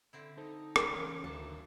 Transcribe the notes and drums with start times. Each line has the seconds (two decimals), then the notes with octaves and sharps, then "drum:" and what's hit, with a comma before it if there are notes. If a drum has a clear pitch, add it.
0.13 D3 C4 E4
0.38 D#4 A4 C5 A5
0.76 drum: rim click
0.95 C#3 E3 C#4 C#5 F6
1.24 D2 D#3 F#4 A#4 A5